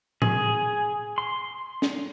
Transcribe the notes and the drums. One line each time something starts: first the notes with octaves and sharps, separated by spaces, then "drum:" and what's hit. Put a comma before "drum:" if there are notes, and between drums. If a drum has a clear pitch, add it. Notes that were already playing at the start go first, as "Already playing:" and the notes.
G#4, drum: tom A2
C6
drum: snare